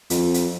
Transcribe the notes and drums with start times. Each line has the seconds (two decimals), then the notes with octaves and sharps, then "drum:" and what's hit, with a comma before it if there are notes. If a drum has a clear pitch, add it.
0.10 F2, drum: hi-hat
0.34 drum: hi-hat